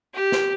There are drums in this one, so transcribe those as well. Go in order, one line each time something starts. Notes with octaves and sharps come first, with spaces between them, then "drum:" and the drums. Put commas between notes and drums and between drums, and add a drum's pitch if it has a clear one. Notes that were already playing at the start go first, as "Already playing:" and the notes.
G4
drum: snare